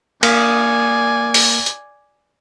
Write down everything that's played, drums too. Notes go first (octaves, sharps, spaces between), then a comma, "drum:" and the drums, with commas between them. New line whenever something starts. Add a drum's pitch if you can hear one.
A#3 D5 G#5 F6, drum: cymbal
drum: open hi-hat
drum: hi-hat